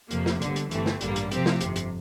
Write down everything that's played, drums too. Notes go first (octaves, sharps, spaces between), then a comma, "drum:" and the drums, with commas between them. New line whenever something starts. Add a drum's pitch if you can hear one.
F2 C3 F3 A#3, drum: hi-hat
drum: snare
G1 G2 D3, drum: hi-hat
drum: hi-hat
G1 G2 E3 A3 C4, drum: hi-hat
drum: snare
A1 G2 D3 G3 A#3, drum: hi-hat
drum: hi-hat
C3 F3 C4 G4, drum: hi-hat
drum: snare
G1 F2 C3, drum: hi-hat
drum: hi-hat